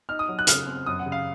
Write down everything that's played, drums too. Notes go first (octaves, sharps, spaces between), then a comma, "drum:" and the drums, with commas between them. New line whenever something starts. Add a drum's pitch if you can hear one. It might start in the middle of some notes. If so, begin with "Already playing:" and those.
D#4 F6
D#6
F#3
F#6
C#3 F6, drum: hi-hat
C4
F#2 D#6
F#5
C#3
F5